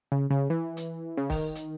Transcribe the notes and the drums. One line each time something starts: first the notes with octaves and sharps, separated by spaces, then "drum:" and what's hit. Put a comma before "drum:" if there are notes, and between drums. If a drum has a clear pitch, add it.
C#3
C#3
E3
drum: hi-hat
C#3
D#3, drum: kick, open hi-hat
drum: hi-hat